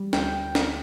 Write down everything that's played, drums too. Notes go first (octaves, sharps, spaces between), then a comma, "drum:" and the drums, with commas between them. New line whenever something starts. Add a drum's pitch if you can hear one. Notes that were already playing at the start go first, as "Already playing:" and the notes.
Already playing: G3
D2 G5, drum: snare
D2
drum: snare